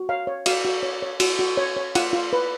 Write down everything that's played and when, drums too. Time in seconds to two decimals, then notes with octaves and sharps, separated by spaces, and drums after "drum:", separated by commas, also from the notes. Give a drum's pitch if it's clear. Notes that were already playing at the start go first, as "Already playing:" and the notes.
Already playing: F#4
0.09 C#5 F5
0.27 C#5
0.46 F#4 F5, drum: cymbal
0.65 F#4
0.83 C#5
1.03 C#5
1.20 F#4, drum: cymbal
1.39 F#4
1.57 C#5
1.77 C#5
1.95 F4 F#5, drum: cymbal
2.13 F4
2.33 B4